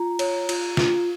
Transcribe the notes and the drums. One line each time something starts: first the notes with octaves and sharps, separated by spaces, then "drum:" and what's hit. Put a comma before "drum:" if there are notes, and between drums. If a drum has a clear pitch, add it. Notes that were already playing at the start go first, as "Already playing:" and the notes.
Already playing: F4 A#5
C#5, drum: cymbal
F4, drum: cymbal
F4, drum: snare